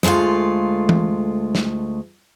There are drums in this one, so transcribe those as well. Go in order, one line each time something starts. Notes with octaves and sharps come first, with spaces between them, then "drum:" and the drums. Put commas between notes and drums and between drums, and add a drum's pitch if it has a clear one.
D2 G#3 A3 F4 F5, drum: snare
drum: tom E3
drum: snare